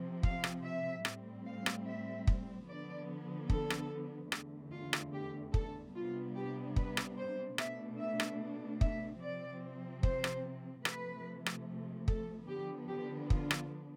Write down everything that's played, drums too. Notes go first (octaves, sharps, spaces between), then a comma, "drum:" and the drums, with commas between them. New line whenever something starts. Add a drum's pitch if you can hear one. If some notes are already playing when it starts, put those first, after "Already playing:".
Already playing: C3 F3 C4
F5, drum: kick
drum: rim click
E5
A2 G3 C4, drum: rim click
F5
drum: rim click
E5
drum: kick
D3 F3 B3 D4 D5
A4, drum: kick
drum: rim click
E2 D3 A3, drum: rim click
F4
drum: rim click
G4
A4, drum: kick
C3 G3 B3 D4 F4
G4
B4, drum: kick
drum: rim click
C5
B2 A3 D4 E5, drum: rim click
E5
drum: rim click
E5, drum: kick
C3 F3 C4 D5
C5, drum: kick
drum: rim click
C3 F3 A3 B4, drum: rim click
drum: rim click
A4, drum: kick
D3 F3 B3 D4 G4
G4
F4, drum: kick
drum: rim click